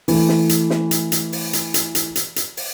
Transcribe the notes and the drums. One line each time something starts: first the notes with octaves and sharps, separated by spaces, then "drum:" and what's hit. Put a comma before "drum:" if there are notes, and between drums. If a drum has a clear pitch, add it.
E3 A3, drum: open hi-hat
drum: snare
drum: hi-hat
drum: snare
drum: hi-hat
drum: hi-hat
drum: open hi-hat
drum: hi-hat
drum: hi-hat
drum: hi-hat
drum: hi-hat
drum: hi-hat
drum: open hi-hat